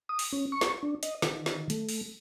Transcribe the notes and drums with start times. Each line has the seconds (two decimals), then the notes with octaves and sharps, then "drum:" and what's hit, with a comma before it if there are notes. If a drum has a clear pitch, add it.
0.09 D#6
0.19 drum: open hi-hat
0.32 C#4
0.52 C#6
0.61 drum: snare
0.83 D4
1.03 D#5, drum: hi-hat
1.22 D#3, drum: snare
1.46 drum: snare
1.70 A3, drum: hi-hat
1.89 drum: open hi-hat